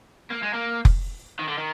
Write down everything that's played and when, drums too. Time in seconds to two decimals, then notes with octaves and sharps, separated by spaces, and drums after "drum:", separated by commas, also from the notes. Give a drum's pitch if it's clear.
0.31 A#3
0.43 G#3
0.54 A#3
0.85 drum: kick F1
1.39 D#3
1.48 D3
1.58 D#3